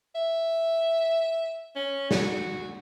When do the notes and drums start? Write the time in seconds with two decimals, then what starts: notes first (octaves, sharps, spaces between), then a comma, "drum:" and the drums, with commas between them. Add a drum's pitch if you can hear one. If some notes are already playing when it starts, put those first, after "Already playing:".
0.15 E5
1.76 C#4
2.11 F#4, drum: snare